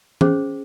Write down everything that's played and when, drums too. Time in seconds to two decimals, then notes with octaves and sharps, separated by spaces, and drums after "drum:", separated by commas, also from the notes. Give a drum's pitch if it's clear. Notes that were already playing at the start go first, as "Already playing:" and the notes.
0.21 C#4 G#4 C5, drum: tom